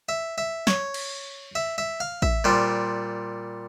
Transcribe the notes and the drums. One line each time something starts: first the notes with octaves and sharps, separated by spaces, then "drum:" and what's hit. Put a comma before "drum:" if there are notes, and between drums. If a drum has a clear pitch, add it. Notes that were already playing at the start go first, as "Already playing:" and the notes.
E5
E5
C#5, drum: snare
drum: cymbal
E5
E5
F5
E5, drum: kick A1
A#2 G3 C5